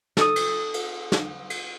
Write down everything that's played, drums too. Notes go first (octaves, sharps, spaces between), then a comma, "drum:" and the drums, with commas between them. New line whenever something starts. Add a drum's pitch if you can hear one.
A4 D#6, drum: snare
drum: cymbal
drum: cymbal
drum: snare
drum: cymbal